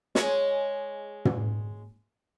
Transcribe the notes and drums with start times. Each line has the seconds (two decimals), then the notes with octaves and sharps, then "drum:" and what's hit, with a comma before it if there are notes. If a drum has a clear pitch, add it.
0.15 G#3 C#5, drum: snare
1.25 drum: tom